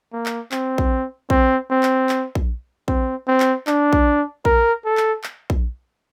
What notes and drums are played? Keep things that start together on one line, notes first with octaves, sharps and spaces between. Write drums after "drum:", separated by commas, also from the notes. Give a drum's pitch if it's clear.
A#3
drum: clap
C4, drum: clap
drum: kick A#1
C4, drum: kick A#1
C4
drum: clap
drum: clap
drum: kick A#1
C4, drum: kick A#1
C4
drum: clap
D4, drum: clap
drum: kick A#1
A#4, drum: kick A#1
A4
drum: clap
drum: clap
drum: kick A#1